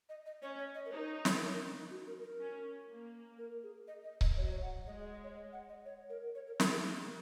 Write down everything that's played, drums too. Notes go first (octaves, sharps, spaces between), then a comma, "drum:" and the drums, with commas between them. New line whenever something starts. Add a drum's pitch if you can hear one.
D#5
D#5
C#4 C#5
C#5
D#5
A#4
D#4 C#5
C#5, drum: snare
A#4
D#4
C#4
D#4
F#4
A#4
A#4
C#4
A#3
A#4
G#4
D#5
D#5
D#5, drum: kick C#1
F#3 C#5
D#5
C#5
F#5
G#3 D#5
D#5
D#5
C#5
D#5
F#5
D#5
C#5
A#4
C#5
A#4
A#4, drum: snare
G#4
A#3 D#4